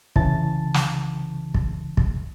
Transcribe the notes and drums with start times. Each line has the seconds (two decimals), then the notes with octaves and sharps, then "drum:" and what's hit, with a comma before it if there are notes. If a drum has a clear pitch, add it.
0.16 C2 C#3 E3 A5 A6, drum: kick
0.74 drum: snare
1.54 drum: kick
1.97 drum: kick